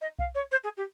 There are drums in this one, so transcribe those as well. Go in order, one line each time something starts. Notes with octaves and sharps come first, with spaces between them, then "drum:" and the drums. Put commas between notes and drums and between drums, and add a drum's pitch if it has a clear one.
D#5
F5, drum: kick B1
C#5
C5
G#4
G4